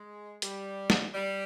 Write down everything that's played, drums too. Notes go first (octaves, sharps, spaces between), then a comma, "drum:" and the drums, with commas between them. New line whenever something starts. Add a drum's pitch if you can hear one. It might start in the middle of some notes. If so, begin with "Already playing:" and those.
Already playing: G#3
G3, drum: hi-hat
drum: snare
G3